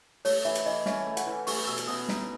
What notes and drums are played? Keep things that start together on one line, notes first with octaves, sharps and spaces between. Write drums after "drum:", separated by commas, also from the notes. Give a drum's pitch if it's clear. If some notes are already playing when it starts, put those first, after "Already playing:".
A3 C#5, drum: open hi-hat
E3 E5
drum: hi-hat
E3 D#5
C#4 E5, drum: snare
A3
F#5, drum: hi-hat
E3
A3 C#6, drum: open hi-hat
B2 E6
drum: hi-hat
B2 D#6
D#4, drum: snare